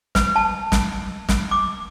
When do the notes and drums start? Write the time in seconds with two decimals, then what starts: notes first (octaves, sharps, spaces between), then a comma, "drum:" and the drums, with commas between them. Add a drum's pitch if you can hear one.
0.15 B4, drum: snare
0.36 A5
0.72 drum: snare
1.29 drum: snare
1.51 D6